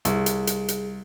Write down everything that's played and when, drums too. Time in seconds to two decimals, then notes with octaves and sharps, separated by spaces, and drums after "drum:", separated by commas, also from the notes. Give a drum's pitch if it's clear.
0.05 C2 G#4, drum: hi-hat
0.26 drum: hi-hat
0.47 drum: hi-hat
0.68 drum: hi-hat